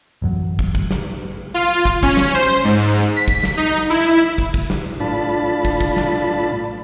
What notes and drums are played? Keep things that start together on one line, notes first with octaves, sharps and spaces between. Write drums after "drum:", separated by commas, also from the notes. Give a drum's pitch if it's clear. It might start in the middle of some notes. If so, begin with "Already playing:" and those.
A1 F#2 F#3
drum: kick
drum: kick
drum: snare
F4
drum: kick
C#4, drum: kick
drum: snare
C5
G#2
B6
drum: kick
drum: snare
D#4
E4
drum: kick
drum: kick
drum: snare
A2 D4 F4 A5 B5
drum: kick
drum: kick
drum: snare